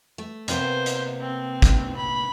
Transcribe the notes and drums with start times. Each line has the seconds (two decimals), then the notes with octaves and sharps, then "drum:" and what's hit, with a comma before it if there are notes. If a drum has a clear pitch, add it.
0.18 A3
0.48 C3 A#3 B3 C5, drum: hi-hat
0.86 drum: hi-hat
1.20 C4
1.62 drum: kick, hi-hat
1.96 B5